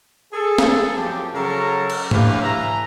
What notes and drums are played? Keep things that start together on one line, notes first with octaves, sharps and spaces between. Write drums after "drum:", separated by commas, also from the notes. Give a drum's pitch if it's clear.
G#4 A4
drum: snare
F#2 F3 C4 G4 A5
C#3 F#3 A4 A#4 C#5 A#5
drum: cymbal
D3 E3 G4 B4 C#5 F5, drum: tom
E3 A3 E5 A#5